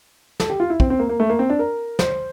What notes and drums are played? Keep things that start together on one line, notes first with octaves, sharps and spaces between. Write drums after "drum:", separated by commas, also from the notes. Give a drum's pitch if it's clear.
A4, drum: snare
G4
F4
E4
C4, drum: kick
C4
A#3
A#3
A3
A#3
C4
D4
A#4
C5, drum: snare